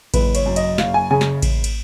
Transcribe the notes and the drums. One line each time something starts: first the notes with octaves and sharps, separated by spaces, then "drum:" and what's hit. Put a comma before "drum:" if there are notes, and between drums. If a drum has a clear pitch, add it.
F#1 B4, drum: kick A1, cymbal
C#5, drum: cymbal
F#2
D#5, drum: cymbal
F#1 F5, drum: snare
G#5
C#3 G#5
drum: snare
drum: kick A1, cymbal
drum: cymbal